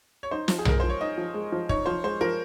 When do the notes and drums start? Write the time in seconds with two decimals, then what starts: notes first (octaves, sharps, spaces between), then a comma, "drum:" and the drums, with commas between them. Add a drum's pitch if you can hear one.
0.23 C#5
0.31 D#4 C5
0.48 F3, drum: snare
0.59 G#4
0.65 G#3 A#4, drum: tom B1
0.80 F3 C5
0.90 C#5
1.00 D#4 D#5
1.18 F3
1.34 G#3
1.52 F3
1.69 D#4 C#5, drum: kick
1.86 F3 C5
2.04 G#3 C5
2.21 F3 A#4